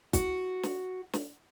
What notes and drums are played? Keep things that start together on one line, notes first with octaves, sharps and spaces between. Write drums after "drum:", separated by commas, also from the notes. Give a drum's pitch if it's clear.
F#4, drum: kick, hi-hat
drum: snare
drum: snare